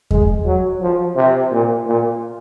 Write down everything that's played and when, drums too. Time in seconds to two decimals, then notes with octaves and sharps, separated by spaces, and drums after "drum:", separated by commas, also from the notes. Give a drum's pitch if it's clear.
0.11 G#3, drum: kick E2
0.45 F#3
0.81 F3
1.16 C3
1.51 A#2
1.87 A#2